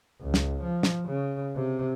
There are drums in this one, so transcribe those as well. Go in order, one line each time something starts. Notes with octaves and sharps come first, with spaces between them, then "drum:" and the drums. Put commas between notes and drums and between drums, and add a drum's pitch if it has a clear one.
C#2
drum: snare
F3
drum: snare
C#3
C3